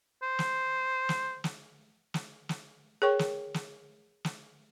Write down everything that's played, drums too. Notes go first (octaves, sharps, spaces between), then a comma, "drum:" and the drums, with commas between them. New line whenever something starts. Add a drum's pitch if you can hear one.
C5
drum: snare
drum: snare
drum: snare
drum: snare
drum: snare
G#4 A#4 C#5 G5 C#6
drum: snare
drum: snare
drum: snare